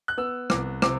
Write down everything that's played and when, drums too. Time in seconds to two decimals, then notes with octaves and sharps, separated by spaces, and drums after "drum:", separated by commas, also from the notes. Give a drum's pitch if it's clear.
0.08 F#6
0.17 B3 E6
0.50 C2 D6, drum: rim click
0.82 C3 D6, drum: rim click